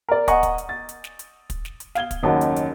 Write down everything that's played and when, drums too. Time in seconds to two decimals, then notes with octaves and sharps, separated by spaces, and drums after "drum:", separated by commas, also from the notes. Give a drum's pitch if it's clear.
0.09 A#4 D5
0.28 D#5 F#5 G#5 A#5 C#6, drum: kick, hi-hat
0.43 drum: kick, hi-hat
0.58 drum: hi-hat
0.69 A6
0.89 drum: hi-hat
1.04 drum: snare
1.19 drum: hi-hat
1.50 drum: kick, hi-hat
1.65 drum: snare
1.80 drum: hi-hat
1.95 F5 G#6 G7, drum: snare
2.11 drum: kick, hi-hat
2.23 F#1 D#2 C#4 F#4 A5
2.41 drum: hi-hat
2.56 drum: hi-hat